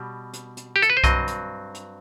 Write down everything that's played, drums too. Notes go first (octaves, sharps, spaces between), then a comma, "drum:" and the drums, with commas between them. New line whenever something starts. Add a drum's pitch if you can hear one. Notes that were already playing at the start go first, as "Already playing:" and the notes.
Already playing: B2 G3
drum: hi-hat
drum: hi-hat
G4
A4, drum: hi-hat
B4
C5
G2 F#3 C4 D#5, drum: kick B1, hi-hat
drum: hi-hat
drum: hi-hat